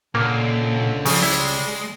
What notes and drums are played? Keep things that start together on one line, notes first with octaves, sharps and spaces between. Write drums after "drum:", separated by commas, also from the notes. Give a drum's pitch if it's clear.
C#2 A#2 D3 A#3
C#3 F3 G3, drum: open hi-hat
G#3 E4